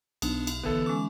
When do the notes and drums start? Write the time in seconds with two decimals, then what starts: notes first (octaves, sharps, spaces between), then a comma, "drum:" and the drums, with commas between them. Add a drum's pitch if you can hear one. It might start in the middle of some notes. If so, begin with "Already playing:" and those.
0.22 B1 B3 D4 D#4, drum: cymbal
0.47 drum: cymbal
0.64 G1 D3 E3 B3 A4
0.86 G#3 C#4 D6